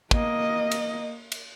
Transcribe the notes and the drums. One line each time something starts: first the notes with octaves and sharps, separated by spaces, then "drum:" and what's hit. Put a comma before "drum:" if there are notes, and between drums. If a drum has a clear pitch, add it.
A#3 D#5, drum: kick
drum: cymbal
drum: cymbal